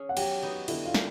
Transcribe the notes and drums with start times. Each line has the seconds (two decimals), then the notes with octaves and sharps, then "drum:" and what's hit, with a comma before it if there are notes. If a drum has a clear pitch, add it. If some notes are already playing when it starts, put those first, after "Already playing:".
Already playing: C#4 G#4
0.09 F#5
0.17 F#3 G4 G5, drum: cymbal
0.42 B3 D#4 F#4
0.68 D3 E4 E5, drum: cymbal
0.86 F4 F5
0.94 A#3, drum: snare